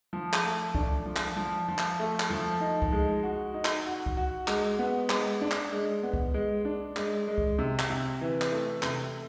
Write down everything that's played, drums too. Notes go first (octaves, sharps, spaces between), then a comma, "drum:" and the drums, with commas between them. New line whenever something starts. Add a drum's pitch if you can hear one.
F3
drum: clap
A3
D4, drum: kick C2
F3
drum: clap
F3
F3
drum: clap
A3
drum: clap
F3
D#4
drum: kick C2
G#3
F#4
D#4
drum: clap
F#4
drum: kick C2
F#4
G#3, drum: clap
B3
G#3, drum: clap
D4
drum: clap
G#3
B3
drum: kick C2
G#3
D4
G#3, drum: clap
G#3
drum: kick C2
C3
drum: clap
C3
E3
drum: clap
A3
C3, drum: clap